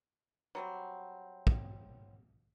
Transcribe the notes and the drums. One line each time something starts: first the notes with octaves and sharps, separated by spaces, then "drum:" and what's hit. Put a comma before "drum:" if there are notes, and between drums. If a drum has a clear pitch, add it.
F#3 G3 C4
drum: kick